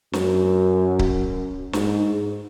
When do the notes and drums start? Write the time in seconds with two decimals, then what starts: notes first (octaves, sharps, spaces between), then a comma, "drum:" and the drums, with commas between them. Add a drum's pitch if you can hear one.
0.13 F#2, drum: snare
0.99 drum: kick C#1
1.73 G#2, drum: snare